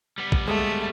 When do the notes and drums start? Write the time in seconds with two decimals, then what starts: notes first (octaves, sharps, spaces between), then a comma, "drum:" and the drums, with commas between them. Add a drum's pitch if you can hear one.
0.18 G3 B3
0.32 drum: kick
0.48 G#3 A3 A4